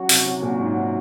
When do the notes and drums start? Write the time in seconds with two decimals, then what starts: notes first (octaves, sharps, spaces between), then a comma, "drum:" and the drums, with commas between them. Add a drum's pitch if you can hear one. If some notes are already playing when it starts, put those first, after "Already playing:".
Already playing: F#3 C#4 F#4
0.09 C3, drum: open hi-hat
0.26 C3
0.42 A#2
0.59 G#2
0.75 C3